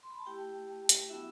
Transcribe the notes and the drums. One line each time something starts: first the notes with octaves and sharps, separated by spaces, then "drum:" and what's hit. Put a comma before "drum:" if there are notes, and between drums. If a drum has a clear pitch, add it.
C6
B5
A5
A3 E4 G4 G5
drum: hi-hat
F#3 B3 D4 E4 F#4 E5